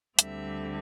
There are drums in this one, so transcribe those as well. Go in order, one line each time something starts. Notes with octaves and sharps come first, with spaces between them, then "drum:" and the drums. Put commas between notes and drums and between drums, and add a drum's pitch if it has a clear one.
D2 D3 G3 C4 E5, drum: hi-hat